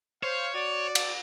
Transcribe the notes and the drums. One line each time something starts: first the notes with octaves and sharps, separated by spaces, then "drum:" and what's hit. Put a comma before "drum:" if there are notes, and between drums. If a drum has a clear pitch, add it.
C5 C#5 F5
F#4 D5
drum: cymbal